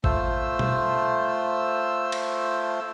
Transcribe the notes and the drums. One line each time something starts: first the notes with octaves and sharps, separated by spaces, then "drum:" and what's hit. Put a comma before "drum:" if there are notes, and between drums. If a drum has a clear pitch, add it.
A3 F4 C5 E6, drum: kick G#1
drum: tom
drum: cymbal